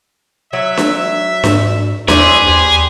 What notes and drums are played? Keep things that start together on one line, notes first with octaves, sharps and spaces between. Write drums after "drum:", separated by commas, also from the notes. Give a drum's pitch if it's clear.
F#3 E5
drum: snare D4
G#2, drum: snare D4
E2 C#4 E4 G#4 B4 C5 D5, drum: snare D4
D#2 G4